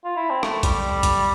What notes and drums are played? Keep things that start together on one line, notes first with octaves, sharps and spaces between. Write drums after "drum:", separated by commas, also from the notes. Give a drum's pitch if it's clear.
F4
E4
C4
A3, drum: rim click
G3, drum: kick A1, hi-hat
drum: kick A1, hi-hat